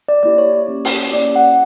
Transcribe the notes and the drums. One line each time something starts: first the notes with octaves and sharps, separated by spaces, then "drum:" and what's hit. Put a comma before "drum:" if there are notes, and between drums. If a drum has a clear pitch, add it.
D5
A#3 E4 G4 D5
C#5
C#5
A#3 C#4 E4 G4
drum: open hi-hat
A#3 C#4 E4 G4 D5
F#5